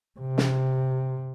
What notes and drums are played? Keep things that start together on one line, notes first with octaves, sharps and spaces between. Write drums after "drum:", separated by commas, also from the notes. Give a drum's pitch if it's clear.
C3
drum: snare